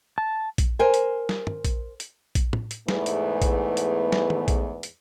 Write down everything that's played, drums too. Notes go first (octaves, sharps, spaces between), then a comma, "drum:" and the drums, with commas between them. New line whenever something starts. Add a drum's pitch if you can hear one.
A5
drum: kick A#1, hi-hat
A#4 C5 G#5
drum: hi-hat
drum: snare
drum: tom
drum: kick A#1, hi-hat
drum: hi-hat
drum: kick A#1, hi-hat
drum: tom
drum: hi-hat
E2 G#2 E3 A3 B3 B4, drum: snare
drum: hi-hat
drum: kick A#1, hi-hat
drum: hi-hat
drum: snare
drum: tom D#3
drum: kick A#1, hi-hat
drum: hi-hat